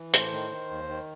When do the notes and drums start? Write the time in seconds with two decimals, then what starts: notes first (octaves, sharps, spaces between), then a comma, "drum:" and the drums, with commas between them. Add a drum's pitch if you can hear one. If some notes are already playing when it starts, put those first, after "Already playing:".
Already playing: E3
0.13 A2 C5, drum: hi-hat
0.33 D#3
0.51 D#3
0.70 D#2
0.89 D#3